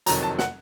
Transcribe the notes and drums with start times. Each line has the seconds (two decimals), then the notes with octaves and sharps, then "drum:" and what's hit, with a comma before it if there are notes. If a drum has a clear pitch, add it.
0.06 F2 C3 D#3 F#3 A#5, drum: hi-hat
0.23 A5
0.39 F#5, drum: snare